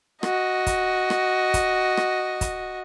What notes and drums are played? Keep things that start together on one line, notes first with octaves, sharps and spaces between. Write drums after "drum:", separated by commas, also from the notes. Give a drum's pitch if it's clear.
F#4 D#5, drum: rim click
drum: kick, hi-hat
drum: rim click
drum: kick, hi-hat
drum: rim click
drum: kick, hi-hat